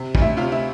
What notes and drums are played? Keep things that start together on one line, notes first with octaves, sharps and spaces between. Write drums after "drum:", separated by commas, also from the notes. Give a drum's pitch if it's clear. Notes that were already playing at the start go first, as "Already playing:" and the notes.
Already playing: C3
D2, drum: kick
E4 E5
C3 F4 F5
E4 E5